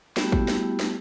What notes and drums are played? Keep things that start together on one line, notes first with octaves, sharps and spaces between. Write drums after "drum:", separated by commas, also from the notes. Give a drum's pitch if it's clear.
G3 A3 B3 E4 F#4 G4, drum: snare
drum: kick
drum: snare
drum: snare